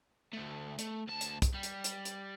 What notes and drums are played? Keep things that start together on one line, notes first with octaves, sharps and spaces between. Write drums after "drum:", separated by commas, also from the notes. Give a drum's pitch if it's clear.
D2 A3
A3, drum: hi-hat
D2 A5
drum: hi-hat
drum: kick, hi-hat
G3
drum: hi-hat
drum: hi-hat
drum: hi-hat